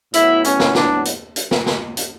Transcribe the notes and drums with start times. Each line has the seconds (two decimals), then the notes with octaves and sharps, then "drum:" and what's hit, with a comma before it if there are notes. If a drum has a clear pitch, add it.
0.14 A2 F#3 B3 E4, drum: hi-hat
0.44 C#4, drum: hi-hat
0.60 drum: snare
0.75 D4, drum: snare
1.05 drum: hi-hat
1.36 drum: hi-hat
1.51 drum: snare
1.66 drum: snare
1.97 drum: hi-hat